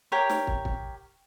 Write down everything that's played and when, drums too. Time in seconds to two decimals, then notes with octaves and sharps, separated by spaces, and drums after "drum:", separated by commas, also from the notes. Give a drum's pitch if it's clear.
0.12 G4 A#4 C#5
0.29 drum: snare
0.47 drum: kick
0.65 drum: kick